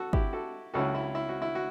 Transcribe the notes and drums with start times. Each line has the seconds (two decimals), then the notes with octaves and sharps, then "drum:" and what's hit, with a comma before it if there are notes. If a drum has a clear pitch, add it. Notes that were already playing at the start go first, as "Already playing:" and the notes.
Already playing: F#4 A4
0.13 E4 G4, drum: kick G1
0.33 F#4 A4
0.74 C#2 C#3 F#3 C#4 E4 F#4 A4
0.95 E4
1.15 E4
1.29 F#4
1.42 E4
1.55 F#4